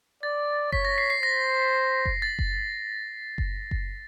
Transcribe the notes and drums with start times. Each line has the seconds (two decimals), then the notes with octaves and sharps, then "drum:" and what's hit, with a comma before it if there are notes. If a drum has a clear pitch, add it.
0.23 D5 A6
0.72 C#5 B6, drum: kick F#1
0.85 A#6
0.98 C7
1.10 C7
1.23 C5 A#6
2.05 drum: kick F#1
2.22 A6
2.39 drum: kick F#1
3.38 drum: kick F#1
3.71 drum: kick F#1